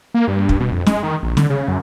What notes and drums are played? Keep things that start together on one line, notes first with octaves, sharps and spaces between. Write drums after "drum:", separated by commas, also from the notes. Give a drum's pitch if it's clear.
A#3
G2
drum: kick
B2
F2
G#3, drum: snare
D#3
A#1
D3, drum: snare
C#3
F#2